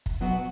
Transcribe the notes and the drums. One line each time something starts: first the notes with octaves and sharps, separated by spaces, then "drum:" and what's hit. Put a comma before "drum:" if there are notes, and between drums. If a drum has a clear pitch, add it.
drum: kick
B2 F#3 B3 F#4